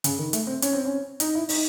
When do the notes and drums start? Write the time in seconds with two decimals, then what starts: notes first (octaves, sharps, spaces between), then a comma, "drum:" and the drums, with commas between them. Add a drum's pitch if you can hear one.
0.04 C#3, drum: hi-hat
0.19 D#3
0.33 A3, drum: hi-hat
0.47 C4
0.62 C#4, drum: hi-hat
0.73 C4
0.85 C#4
1.20 D#4, drum: hi-hat
1.35 E4
1.49 D#4, drum: open hi-hat